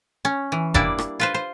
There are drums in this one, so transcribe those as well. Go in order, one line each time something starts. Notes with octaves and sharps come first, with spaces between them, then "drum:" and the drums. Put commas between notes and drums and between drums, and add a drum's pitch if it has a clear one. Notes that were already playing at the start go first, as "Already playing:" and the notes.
C#4
E3
G3 A#3 D4 E4 D5, drum: kick F1
drum: rim click
F4 B4 C5
C5